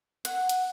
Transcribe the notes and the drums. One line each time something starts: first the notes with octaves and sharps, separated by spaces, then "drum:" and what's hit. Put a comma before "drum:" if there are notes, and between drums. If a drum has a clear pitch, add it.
F#5, drum: hi-hat
drum: hi-hat